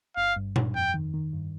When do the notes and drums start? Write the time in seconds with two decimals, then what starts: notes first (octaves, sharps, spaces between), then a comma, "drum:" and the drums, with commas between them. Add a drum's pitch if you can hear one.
0.16 G1 F5
0.36 G2
0.56 G2, drum: tom A#2
0.75 F2 G5
0.94 D#3
1.14 D#3
1.33 G2